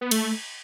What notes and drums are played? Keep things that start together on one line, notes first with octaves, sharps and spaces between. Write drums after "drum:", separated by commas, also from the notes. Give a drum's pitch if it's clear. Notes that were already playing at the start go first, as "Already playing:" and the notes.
B3
A3, drum: cymbal